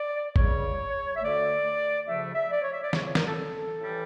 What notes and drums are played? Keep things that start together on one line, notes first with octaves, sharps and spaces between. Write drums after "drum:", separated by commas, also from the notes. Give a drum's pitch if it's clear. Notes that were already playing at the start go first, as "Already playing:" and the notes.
Already playing: D5
C#2 C#3 G3 C#5, drum: kick G#1
E5
D2 D3 A3 D5
D2 C#3 F3 A3 E5
E5
D5
C#5
E5
D5
E2 C#3 F3 C#5, drum: snare
C#5
A#4, drum: snare
A4
A4
A2 E3 G3